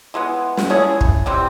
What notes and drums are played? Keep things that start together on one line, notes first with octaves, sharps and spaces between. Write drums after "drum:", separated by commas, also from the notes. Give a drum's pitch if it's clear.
E3 G#3 B3
drum: snare
A3 C#4 E4 G#4
drum: kick
C3 E3 G3 C4